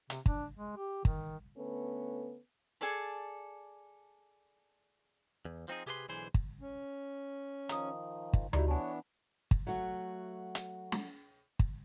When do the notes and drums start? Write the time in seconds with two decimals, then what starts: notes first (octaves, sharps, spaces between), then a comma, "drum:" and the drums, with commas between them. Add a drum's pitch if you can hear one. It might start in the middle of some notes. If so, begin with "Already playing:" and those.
0.10 C3, drum: hi-hat
0.26 D4, drum: kick
0.56 G#3
0.77 G4
1.05 D#3, drum: kick
1.57 D3 A3 B3 C#4 A4 B4
2.81 G#4 A4 D5 A5
5.45 E2
5.68 F3 C4 D#4 G#4
5.86 C3 G4 G#4 B4 G5 C6
6.09 B1 D3 E3 G#4 C5
6.34 drum: kick
6.61 C#4
7.69 D#3 F3 A#5 D#6, drum: hi-hat
8.33 drum: kick
8.53 D#4 E4 F#4 G4 D5, drum: tom D2
8.68 E3 B3 D4 C#5 G#5 A5
9.51 drum: kick
9.67 F#3 A3 F#4
10.55 drum: hi-hat
10.92 drum: snare
11.59 drum: kick